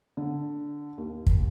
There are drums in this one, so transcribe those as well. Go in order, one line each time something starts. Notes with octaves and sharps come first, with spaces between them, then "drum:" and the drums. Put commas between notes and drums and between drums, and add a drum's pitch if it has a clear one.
D3
D#2
drum: kick